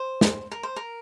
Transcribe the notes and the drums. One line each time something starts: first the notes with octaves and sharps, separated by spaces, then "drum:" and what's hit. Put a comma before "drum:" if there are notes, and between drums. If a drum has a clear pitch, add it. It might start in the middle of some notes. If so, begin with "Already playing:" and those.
Already playing: C5
drum: snare
A#4
C5
A#4